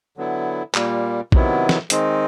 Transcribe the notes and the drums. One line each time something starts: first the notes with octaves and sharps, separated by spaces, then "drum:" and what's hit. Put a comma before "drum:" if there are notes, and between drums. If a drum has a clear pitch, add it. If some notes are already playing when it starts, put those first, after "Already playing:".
D3 F#3 B3 E4
A#2 G3 A#3, drum: clap
C3 D#3 F#3 B3 E4, drum: kick A#1
drum: snare
D#3 G#3 C4 D#4, drum: hi-hat